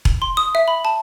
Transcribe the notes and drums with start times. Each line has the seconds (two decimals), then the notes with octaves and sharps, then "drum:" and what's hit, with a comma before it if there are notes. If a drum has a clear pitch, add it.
0.05 drum: kick E1
0.22 C6
0.37 D#6
0.55 E5
0.68 B5
0.85 A5